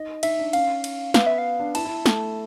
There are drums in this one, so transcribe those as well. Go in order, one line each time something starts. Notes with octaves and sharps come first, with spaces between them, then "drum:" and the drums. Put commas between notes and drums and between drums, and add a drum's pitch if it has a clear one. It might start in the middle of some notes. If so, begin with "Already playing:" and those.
Already playing: D#4 D#5
D#4 E5, drum: cymbal
D4
C#4 F5, drum: cymbal
drum: cymbal
B3 F5, drum: snare
E5
F5
D4
E4 A5, drum: cymbal
E4
A3, drum: snare